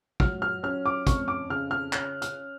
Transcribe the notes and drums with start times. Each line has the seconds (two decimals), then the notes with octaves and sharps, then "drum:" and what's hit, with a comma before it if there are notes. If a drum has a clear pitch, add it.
0.20 F#3 F6, drum: kick
0.42 F6
0.63 C#4 F6
0.86 D6
1.07 F2 C#6, drum: kick, hi-hat
1.28 D6
1.50 C#3 F6
1.71 F6
1.93 C#4 F#6, drum: clap
2.22 F6, drum: hi-hat